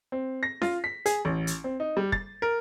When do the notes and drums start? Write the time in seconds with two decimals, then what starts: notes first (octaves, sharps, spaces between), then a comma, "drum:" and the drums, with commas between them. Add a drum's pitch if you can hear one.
0.12 C4
0.43 A#6
0.62 F4, drum: snare C#4
0.84 B6
1.06 G#4, drum: hi-hat
1.25 A1
1.47 drum: hi-hat
1.64 C4
1.80 D#4
1.97 G3
2.12 A6, drum: kick
2.42 A#4